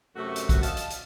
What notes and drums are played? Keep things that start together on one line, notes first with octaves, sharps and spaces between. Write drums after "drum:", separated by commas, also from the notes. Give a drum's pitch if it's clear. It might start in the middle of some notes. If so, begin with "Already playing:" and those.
F#2 C3 A3 F#4
drum: hi-hat
drum: kick, hi-hat
D#5 F5 A5, drum: hi-hat
drum: hi-hat
drum: hi-hat